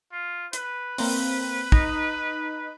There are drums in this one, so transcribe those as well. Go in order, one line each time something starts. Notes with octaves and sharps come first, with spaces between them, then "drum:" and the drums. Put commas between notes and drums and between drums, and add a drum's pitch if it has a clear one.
F4
B4, drum: hi-hat
A#3 C4, drum: open hi-hat
D#4, drum: kick